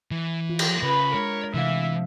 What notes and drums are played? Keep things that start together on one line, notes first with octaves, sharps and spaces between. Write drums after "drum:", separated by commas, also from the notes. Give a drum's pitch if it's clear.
E3
F4
drum: cymbal
C#3 B4 B5
G#3 D4 A#4 C#5
C3 E3 A3 E5 F5